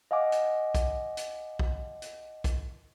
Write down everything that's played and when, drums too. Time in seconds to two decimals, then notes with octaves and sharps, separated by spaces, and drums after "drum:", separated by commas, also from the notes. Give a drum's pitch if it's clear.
0.11 D#5 F5 F#5 G#5 D6
0.32 drum: hi-hat
0.75 drum: kick B1, hi-hat
1.17 drum: hi-hat
1.59 drum: kick B1
2.02 drum: hi-hat
2.44 drum: kick B1, hi-hat